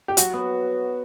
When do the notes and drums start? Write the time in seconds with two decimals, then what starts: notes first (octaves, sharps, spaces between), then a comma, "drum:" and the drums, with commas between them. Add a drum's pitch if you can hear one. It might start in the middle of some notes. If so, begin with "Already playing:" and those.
0.08 G4
0.17 F#3 F#4, drum: hi-hat
0.33 B3